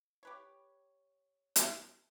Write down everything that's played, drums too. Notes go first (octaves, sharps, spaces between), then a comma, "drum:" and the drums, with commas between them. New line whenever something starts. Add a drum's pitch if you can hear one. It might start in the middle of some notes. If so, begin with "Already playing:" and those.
G4 B4 C#5
drum: hi-hat